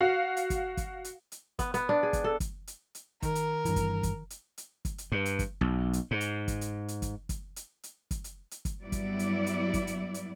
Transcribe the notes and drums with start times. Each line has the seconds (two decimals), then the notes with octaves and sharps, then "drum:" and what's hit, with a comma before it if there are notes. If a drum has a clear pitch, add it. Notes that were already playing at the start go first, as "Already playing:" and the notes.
0.01 F#4 F5
0.37 drum: hi-hat
0.50 drum: kick, hi-hat
0.77 drum: kick, hi-hat
1.05 drum: hi-hat
1.32 drum: hi-hat
1.59 B3, drum: kick, hi-hat
1.74 B3, drum: hi-hat
1.89 D4
2.03 G#4
2.13 drum: kick, hi-hat
2.24 A4
2.40 drum: kick, hi-hat
2.67 drum: hi-hat
2.95 drum: hi-hat
3.22 D#3 A#4, drum: kick, hi-hat
3.35 drum: hi-hat
3.65 G2 E3, drum: hi-hat
3.76 drum: kick, hi-hat
4.03 drum: kick, hi-hat
4.30 drum: hi-hat
4.58 drum: hi-hat
4.85 drum: kick, hi-hat
4.98 drum: hi-hat
5.12 G2
5.25 drum: hi-hat
5.39 drum: kick, hi-hat
5.61 B1
5.93 drum: hi-hat
6.11 G#2
6.21 drum: hi-hat
6.48 drum: kick, hi-hat
6.61 drum: hi-hat
6.88 drum: hi-hat
7.02 drum: kick, hi-hat
7.29 drum: kick, hi-hat
7.56 drum: hi-hat
7.83 drum: hi-hat
8.11 drum: kick, hi-hat
8.24 drum: hi-hat
8.51 drum: hi-hat
8.65 drum: kick, hi-hat
8.82 G2 F#3 G3 B3 E4 D5
8.92 drum: kick, hi-hat
9.19 drum: hi-hat
9.46 drum: hi-hat
9.74 drum: kick, hi-hat
9.87 drum: hi-hat
10.14 drum: hi-hat